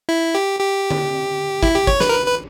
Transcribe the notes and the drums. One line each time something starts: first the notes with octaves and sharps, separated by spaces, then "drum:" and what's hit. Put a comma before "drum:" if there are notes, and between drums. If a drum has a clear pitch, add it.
E4
G4
G4
drum: tom D3
E4, drum: kick G#1
G4
C#5, drum: kick G#1
B4, drum: snare
A#4
B4
B4